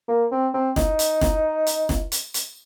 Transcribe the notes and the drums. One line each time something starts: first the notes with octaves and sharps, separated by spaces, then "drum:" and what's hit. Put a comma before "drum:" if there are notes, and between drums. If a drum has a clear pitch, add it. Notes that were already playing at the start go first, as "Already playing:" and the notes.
A#3
C4
C4
D#4, drum: snare
drum: hi-hat
drum: snare
drum: hi-hat
drum: snare
drum: hi-hat
drum: hi-hat